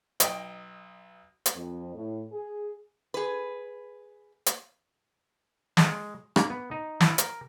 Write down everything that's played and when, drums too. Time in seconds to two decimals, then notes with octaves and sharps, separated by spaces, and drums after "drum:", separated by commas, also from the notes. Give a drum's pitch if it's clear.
0.20 B1 D#5 G5, drum: hi-hat
1.46 drum: hi-hat
1.55 F2
1.95 A2
2.32 G#4
3.14 G#4 B4
4.46 drum: hi-hat
5.77 G#3, drum: snare
6.36 A#3, drum: rim click
6.50 B3
6.71 D#4
7.01 E4, drum: snare
7.18 A#4, drum: hi-hat